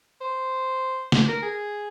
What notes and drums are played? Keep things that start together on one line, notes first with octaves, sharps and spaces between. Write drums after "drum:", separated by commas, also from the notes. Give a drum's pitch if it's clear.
C5
drum: snare
A#4
G#4